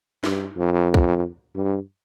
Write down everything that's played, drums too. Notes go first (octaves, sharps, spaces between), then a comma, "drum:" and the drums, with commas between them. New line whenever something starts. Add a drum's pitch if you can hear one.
G2, drum: snare
F2
drum: kick
G2